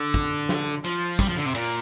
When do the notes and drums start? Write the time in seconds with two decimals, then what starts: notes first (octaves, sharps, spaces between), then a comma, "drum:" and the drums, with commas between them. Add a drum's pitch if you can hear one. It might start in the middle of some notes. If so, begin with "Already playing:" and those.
Already playing: D3
0.14 drum: kick
0.49 drum: snare
0.84 F3, drum: cymbal
1.19 G3, drum: kick, cymbal
1.28 F3
1.36 D3
1.46 C3
1.55 A#2, drum: cymbal